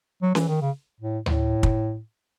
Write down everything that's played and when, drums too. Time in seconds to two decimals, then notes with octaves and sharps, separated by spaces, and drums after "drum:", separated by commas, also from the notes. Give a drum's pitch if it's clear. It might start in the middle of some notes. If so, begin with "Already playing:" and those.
0.22 F#3
0.35 E3, drum: snare C#4
0.48 D#3
0.61 C#3
1.00 A2
1.26 A2, drum: tom D2
1.63 drum: kick